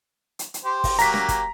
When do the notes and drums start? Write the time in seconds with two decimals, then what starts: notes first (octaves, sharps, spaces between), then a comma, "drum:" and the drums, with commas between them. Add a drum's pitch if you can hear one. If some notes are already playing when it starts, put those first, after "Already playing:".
0.39 drum: hi-hat
0.54 drum: hi-hat
0.65 G4 C5
0.84 drum: kick, open hi-hat
0.99 F#3 A#3 G4 A#5 B6, drum: hi-hat
1.14 drum: snare
1.28 drum: kick, hi-hat